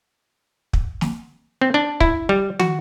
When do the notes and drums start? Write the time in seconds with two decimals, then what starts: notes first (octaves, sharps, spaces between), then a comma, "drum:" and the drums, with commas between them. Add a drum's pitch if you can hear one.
0.73 drum: kick
1.01 drum: snare
1.61 C4
1.74 D4
2.01 E4, drum: kick
2.29 G3
2.60 F#4, drum: tom